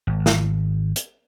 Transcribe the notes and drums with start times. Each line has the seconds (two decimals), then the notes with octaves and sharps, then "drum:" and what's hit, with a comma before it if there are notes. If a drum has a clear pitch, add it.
0.07 G#1
0.26 drum: snare
0.96 drum: hi-hat